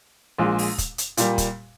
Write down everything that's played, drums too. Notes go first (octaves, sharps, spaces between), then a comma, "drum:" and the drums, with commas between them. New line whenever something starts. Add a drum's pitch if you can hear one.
A#1 A#2 G#3
drum: open hi-hat
drum: kick, hi-hat
drum: hi-hat
A#2 G3 A#3, drum: hi-hat
drum: kick, hi-hat